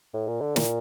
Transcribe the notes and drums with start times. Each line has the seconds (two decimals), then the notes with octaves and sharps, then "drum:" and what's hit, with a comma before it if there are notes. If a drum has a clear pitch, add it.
0.13 A2
0.28 A#2
0.41 D3
0.56 A#2, drum: snare